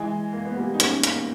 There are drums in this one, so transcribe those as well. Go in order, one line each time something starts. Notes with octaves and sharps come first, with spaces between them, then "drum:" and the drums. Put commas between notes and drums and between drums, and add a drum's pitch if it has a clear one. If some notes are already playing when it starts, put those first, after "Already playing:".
Already playing: E3 G#3
A#3
B3
G3 A#3
D#4
A#3 C#4, drum: hi-hat
A#3 C#4, drum: hi-hat